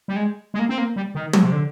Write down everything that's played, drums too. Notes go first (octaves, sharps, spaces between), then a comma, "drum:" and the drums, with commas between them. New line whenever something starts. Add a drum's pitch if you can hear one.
G3
G#3
G#3
A#3
C4
A#3
G3
D#3
drum: tom
C3
D3